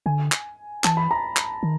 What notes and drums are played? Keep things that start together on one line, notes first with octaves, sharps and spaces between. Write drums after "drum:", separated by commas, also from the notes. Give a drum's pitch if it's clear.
D3 G#5
drum: clap
E3 A5, drum: clap
B5
A#5
drum: clap
D#3